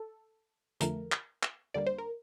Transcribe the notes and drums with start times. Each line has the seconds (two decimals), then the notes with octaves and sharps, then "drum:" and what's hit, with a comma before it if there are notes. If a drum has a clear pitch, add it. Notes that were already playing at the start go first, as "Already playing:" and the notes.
Already playing: A4
0.80 F2 D3 F3 A3 A#4, drum: hi-hat
1.12 drum: clap
1.43 drum: clap
1.74 D#2 D3 G3 A#3 D5
1.86 C5
1.98 A#4